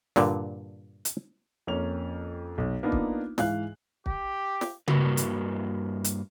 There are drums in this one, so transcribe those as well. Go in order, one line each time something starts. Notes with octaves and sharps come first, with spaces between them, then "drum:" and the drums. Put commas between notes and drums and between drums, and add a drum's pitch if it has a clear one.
G2 A#2 D3, drum: snare
drum: hi-hat
F2 A#3 C#4 F7
B1
A#3 B3 D4 D#4 F4
drum: kick
G#2 E3 F5 F#6, drum: snare
G4, drum: kick
drum: snare
G2 A#3 F#4 G#4 B4, drum: tom C#3
drum: hi-hat
drum: hi-hat